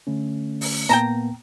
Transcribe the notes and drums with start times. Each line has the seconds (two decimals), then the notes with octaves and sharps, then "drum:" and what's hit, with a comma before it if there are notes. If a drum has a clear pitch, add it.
0.07 D3 A3 C#4
0.61 drum: open hi-hat
0.89 A#2 A#3 B3 G5 A5 A#5